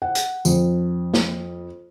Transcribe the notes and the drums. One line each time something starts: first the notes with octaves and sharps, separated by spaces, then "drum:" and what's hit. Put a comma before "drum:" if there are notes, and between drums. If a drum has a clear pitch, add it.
F#5
drum: hi-hat
F2, drum: tambourine
drum: snare